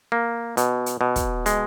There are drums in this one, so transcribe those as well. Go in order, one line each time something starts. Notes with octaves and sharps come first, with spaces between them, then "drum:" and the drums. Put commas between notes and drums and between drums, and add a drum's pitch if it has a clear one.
A#3
B2, drum: hi-hat
drum: hi-hat
B2
drum: kick, hi-hat
G#3, drum: hi-hat